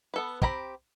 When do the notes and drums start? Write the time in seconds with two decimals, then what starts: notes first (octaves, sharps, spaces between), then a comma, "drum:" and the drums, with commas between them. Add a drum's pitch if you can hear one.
0.14 B3 A4 B4
0.42 C4 G4 A#5 B5, drum: kick